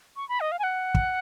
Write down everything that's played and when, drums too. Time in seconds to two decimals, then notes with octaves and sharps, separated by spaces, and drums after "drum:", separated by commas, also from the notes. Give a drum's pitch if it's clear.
0.16 C#6
0.29 B5
0.40 D#5
0.52 F5
0.59 G#5
0.63 F#5
0.95 drum: kick